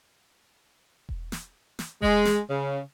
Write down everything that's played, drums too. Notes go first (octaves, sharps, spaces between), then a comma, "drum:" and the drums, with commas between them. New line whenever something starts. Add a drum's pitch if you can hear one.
drum: kick E1
drum: snare
drum: snare
G#3, drum: kick E1
drum: snare
C#3